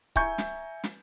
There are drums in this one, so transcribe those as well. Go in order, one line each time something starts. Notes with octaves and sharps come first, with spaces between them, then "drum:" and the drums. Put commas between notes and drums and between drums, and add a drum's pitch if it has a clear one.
E5 G#5 A#5 C#6 G6, drum: kick C#1
drum: snare
drum: snare